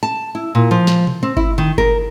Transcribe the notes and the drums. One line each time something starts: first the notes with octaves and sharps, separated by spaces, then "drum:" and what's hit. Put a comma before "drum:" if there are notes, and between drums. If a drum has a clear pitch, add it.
A5
E4
A#2
F3
drum: snare
drum: tom B2
C4
E4, drum: kick G1
D#3
A#4, drum: kick G1